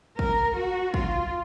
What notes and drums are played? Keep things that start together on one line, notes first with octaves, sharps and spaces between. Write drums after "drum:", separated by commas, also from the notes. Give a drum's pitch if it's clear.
A#4, drum: kick
F#4
F4, drum: kick